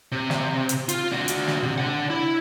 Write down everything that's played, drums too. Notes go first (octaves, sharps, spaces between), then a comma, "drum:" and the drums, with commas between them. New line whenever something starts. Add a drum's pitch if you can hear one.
C3
drum: snare
drum: hi-hat
F4, drum: hi-hat
D4 F#4
drum: hi-hat
drum: snare
C3
D4 F#5
E4